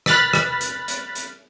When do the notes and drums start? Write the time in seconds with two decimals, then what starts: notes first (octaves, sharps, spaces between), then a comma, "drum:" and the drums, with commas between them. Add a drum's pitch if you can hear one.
0.06 B5 F6 F#6 A6 B6, drum: rim click
0.33 drum: rim click
0.61 drum: hi-hat
0.88 drum: hi-hat
1.15 drum: hi-hat